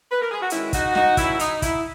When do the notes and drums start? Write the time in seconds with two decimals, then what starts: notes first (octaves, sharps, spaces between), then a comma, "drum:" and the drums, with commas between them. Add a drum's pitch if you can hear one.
0.11 B4
0.21 A#4
0.31 G#4
0.40 F#4
0.50 D#3 G#3 C#4 E4, drum: hi-hat
0.73 D#4 F#4, drum: kick, hi-hat
0.95 D#4 F#4, drum: snare
1.17 D#3 F#3 C#4 E4, drum: kick, hi-hat
1.39 D#4, drum: hi-hat
1.62 E4, drum: kick, hi-hat